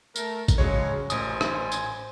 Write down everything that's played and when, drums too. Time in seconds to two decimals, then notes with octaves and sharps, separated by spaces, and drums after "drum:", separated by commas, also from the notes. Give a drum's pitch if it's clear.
0.16 A3 A#4, drum: tambourine
0.48 drum: kick G#1, tambourine
0.58 C#3 F3 F#3 G#3 C#5
1.10 A1 A#2 C5 G#5 D#6, drum: tambourine
1.41 drum: rim click
1.72 drum: tambourine